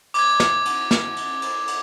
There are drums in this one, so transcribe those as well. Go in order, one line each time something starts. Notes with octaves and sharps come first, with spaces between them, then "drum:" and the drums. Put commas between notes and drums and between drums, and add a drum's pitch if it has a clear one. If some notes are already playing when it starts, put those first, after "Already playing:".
D6 G#6, drum: cymbal
drum: snare
drum: cymbal
drum: snare
drum: cymbal
drum: cymbal
drum: cymbal